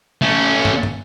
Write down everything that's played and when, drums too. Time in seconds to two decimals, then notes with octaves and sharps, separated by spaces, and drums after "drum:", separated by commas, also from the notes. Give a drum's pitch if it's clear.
0.22 A3 C#4
0.65 drum: tom
0.83 drum: tom